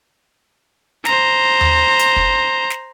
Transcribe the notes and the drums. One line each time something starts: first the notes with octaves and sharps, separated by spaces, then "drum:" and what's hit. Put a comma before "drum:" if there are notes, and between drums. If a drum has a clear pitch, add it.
C5 A#5, drum: snare
drum: tom D#2
drum: hi-hat
drum: kick
drum: snare